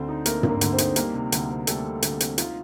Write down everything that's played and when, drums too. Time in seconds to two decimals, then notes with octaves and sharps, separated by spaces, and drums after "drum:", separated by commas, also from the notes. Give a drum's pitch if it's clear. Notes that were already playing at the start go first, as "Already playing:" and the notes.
Already playing: D2 D3 A3 C4 C5
0.08 D#4
0.26 A3 A#3 A#4, drum: hi-hat
0.43 D3, drum: tom
0.49 A#3 A#4
0.61 D2, drum: hi-hat
0.72 C4 C5
0.78 D#4, drum: hi-hat
0.96 G3 A#3 A#4, drum: hi-hat
1.14 C3
1.32 D2, drum: hi-hat
1.50 C4
1.67 G3 A3 A4, drum: hi-hat
1.85 C3
2.02 D2, drum: hi-hat
2.20 C4, drum: hi-hat
2.38 D#4 F4, drum: hi-hat